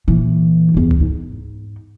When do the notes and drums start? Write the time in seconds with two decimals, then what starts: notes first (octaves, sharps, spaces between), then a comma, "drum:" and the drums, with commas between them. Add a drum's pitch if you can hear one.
0.08 A#2 E3
0.74 E2 G2
0.91 drum: tom C#2
1.00 G#2 D#4